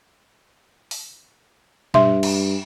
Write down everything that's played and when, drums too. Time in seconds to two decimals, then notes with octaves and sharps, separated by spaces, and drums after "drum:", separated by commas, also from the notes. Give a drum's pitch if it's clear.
0.91 drum: open hi-hat
1.94 G2 E5 C6, drum: tom B2
2.23 drum: cymbal